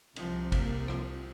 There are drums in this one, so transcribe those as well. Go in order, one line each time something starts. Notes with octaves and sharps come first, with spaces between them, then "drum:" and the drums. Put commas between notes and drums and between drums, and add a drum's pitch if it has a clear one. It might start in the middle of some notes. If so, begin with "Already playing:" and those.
C2 C3 F3, drum: cymbal
A#3, drum: kick G#1, cymbal
F3, drum: rim click